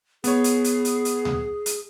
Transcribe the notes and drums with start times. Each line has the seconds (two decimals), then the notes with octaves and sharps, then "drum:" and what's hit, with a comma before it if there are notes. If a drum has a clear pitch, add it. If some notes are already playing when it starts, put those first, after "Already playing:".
0.24 B3 G#4 C#5, drum: hi-hat
0.44 drum: hi-hat
0.64 drum: hi-hat
0.85 drum: hi-hat
1.05 drum: hi-hat
1.25 drum: tom D2
1.66 drum: hi-hat